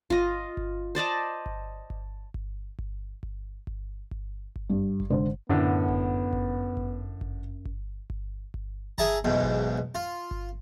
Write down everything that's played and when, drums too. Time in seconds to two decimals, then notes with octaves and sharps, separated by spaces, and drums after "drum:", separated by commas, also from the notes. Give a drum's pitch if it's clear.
0.10 F4 D#5, drum: kick G1
0.57 drum: kick G1
0.95 C5 D5 D#5 A5
1.46 drum: kick G1
1.90 drum: kick G1
2.34 drum: kick G1
2.79 drum: kick G1
3.23 drum: kick G1
3.67 drum: kick G1
4.11 drum: kick G1
4.56 drum: kick G1
4.70 G2
5.00 drum: kick G1
5.10 G#2 D3 C5
5.49 F#2 A2 D3 B3
5.88 drum: kick G1
6.33 drum: kick G1
6.77 drum: kick G1
7.21 drum: kick G1
7.65 drum: kick G1
8.10 drum: kick G1
8.54 drum: kick G1
8.98 G#4 E5 A5 A#5, drum: kick G1
9.25 B1 E2 G#2
9.42 drum: kick G1
9.95 F4
10.31 drum: kick G1